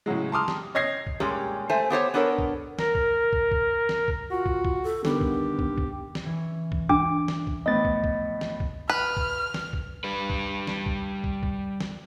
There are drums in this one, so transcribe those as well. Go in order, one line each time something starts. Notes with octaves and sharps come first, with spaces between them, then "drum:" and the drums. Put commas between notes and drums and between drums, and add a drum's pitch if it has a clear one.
A2 C#3 F#3 G#3
A5 A#5 C6 D6 D#6 F6
G4, drum: snare
C#5 D#5 G6 G#6 A#6 C7
drum: kick
A#2 G3 G#3 C#4 G4
A3 C5 E5 G#5
B3 G4 C5 C#5
B3 D4 A4 A#4 C#5
drum: kick
A#4, drum: snare
drum: kick
drum: kick
drum: kick
drum: snare
drum: kick
F4 F#4
drum: kick
drum: kick
A4
D3 D#3 G3 B3 G4, drum: snare
drum: kick
drum: kick
drum: kick
drum: snare
E3 C#4
drum: kick
D4 D6, drum: kick
drum: snare
drum: kick
A2 F3 B3 D#5 A6
drum: kick
drum: kick
drum: snare
drum: kick
B4 F6
drum: kick
drum: snare
drum: kick
G3 B4
drum: kick
drum: snare
drum: kick
drum: kick
drum: kick
drum: snare